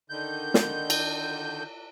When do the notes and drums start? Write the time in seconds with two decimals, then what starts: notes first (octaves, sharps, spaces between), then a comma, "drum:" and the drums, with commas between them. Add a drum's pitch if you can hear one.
0.10 D3 D#3 G6
0.54 drum: snare
0.90 drum: cymbal